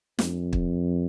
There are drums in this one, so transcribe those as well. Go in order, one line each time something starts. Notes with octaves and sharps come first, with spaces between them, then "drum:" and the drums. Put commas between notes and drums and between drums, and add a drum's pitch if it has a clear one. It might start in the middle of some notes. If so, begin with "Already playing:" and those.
F2, drum: snare
drum: kick